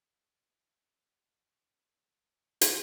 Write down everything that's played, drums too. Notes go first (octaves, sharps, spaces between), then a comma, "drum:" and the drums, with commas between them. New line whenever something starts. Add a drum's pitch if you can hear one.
G3 D4 F#5 G#5
drum: hi-hat